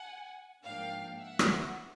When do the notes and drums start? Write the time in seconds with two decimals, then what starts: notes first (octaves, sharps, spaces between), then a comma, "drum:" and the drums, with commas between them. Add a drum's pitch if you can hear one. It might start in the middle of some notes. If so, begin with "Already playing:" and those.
Already playing: F#5 G#5
0.64 G#2 F3 A#3 D4 F5 G5
1.20 E5 F#5
1.39 drum: rim click